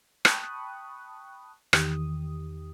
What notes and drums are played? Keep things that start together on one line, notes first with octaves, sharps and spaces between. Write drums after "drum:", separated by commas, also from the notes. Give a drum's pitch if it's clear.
G5 A5 B5 C#6 D#6 F#6, drum: rim click
E2 D#3 G4 D#6, drum: rim click